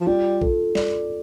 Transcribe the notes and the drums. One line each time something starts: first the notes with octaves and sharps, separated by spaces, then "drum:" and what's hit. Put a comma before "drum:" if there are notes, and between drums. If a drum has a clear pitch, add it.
F3
G3 F4
A4, drum: kick
D5, drum: snare G3